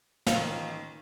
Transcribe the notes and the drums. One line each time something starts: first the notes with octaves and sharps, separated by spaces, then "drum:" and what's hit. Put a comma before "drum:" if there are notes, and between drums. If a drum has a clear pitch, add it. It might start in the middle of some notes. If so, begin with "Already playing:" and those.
A1 A#2 D#3 F5, drum: snare